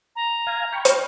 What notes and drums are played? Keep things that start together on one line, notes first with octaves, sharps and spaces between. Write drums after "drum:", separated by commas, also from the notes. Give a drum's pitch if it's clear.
A#5
F5 G#5
G5 B5 C#6
drum: hi-hat